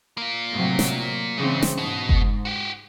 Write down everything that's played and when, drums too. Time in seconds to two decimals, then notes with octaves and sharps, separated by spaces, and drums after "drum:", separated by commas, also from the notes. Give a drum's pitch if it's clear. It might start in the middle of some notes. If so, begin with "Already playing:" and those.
0.17 A#3 F4
0.52 A2 C3 F#3
0.79 drum: snare
1.38 G#2 C#3 E3 C4
1.63 drum: snare
1.78 G#2 B2
2.09 drum: kick F#1
2.45 F#4 G4